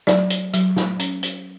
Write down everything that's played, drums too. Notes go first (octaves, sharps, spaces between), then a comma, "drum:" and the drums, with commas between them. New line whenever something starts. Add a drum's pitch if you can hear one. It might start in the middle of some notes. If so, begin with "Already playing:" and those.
F#3 D5, drum: snare
drum: hi-hat
F#3, drum: hi-hat
drum: snare
C#4, drum: hi-hat
drum: hi-hat